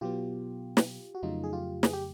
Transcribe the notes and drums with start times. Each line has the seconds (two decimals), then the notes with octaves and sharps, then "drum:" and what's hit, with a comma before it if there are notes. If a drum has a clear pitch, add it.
0.01 B2 F#3 B3 F4 G4
0.77 drum: snare
1.15 F#4
1.23 F2 C#3 F#3 A3 D#4 F4
1.44 G#4
1.53 F4 G4
1.83 G#4, drum: snare
1.93 G4